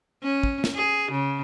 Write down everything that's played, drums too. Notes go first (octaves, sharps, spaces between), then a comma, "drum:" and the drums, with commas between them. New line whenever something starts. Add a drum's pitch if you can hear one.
C#4
drum: kick
drum: snare
G#4
C#3